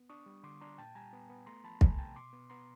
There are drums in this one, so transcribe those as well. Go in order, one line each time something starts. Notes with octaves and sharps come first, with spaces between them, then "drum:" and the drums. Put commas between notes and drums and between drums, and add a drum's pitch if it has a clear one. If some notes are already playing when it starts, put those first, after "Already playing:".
Already playing: B3
D4 C#6 D#6
G3
D3 C6 D6
D4 A#5 C6
A#2 G5 A5
G3 G#5 A#5
B3
B3
A3 A#5 C6
F3 A5 B5
A3 G#5 A#5, drum: kick
C3 G5 A5
B2 C6 D6
B3
B3 A#5 C6